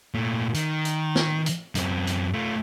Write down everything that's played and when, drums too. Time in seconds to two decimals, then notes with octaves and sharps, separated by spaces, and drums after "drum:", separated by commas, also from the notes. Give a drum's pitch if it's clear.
0.14 A#2 A3
0.54 D#3, drum: hi-hat
0.85 drum: hi-hat
1.16 drum: snare
1.46 drum: hi-hat
1.75 F#2 C4, drum: hi-hat
2.07 drum: hi-hat
2.34 A3 F4